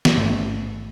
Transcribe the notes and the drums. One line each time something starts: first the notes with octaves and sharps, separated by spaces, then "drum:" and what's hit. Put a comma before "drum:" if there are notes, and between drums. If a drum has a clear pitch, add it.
drum: snare
A1 G#2 A3